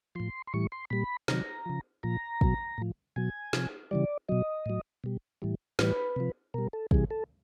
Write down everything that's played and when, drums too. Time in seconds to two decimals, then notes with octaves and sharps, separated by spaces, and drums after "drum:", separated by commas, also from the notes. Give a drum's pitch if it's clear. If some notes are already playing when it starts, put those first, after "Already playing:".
0.15 A2 F3 C6
0.47 C6
0.54 A2 E3 G3 C#6
0.72 C6
0.90 A#2 G3 B5
1.28 C3 D#3 F#3 A#5, drum: snare
1.66 C#3 F3
2.03 A#2 F3 A#5
2.41 B2 F#3, drum: kick
2.78 A2 F3
3.16 B2 F#3 G#5
3.53 C3 F3, drum: snare
3.91 C#3 E3 G3 D5
4.29 B2 F#3 D#5
4.66 A2 F#3
5.04 B2 G3
5.42 A2 E3 G3
5.79 A2 E3 G3 B4, drum: snare
6.16 C3 F3
6.54 B2 G3 A#4
6.73 A4
6.91 C3 E3 G3 G#4, drum: kick
7.11 A4